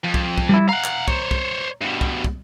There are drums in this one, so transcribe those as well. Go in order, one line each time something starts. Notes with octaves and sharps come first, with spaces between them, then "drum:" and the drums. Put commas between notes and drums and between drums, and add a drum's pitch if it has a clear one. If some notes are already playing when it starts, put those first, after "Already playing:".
F2
drum: kick
drum: kick
G3 E4
F5 F#5 A#5
drum: clap
C5 C#5, drum: kick
drum: kick
G2 B2
drum: kick
drum: kick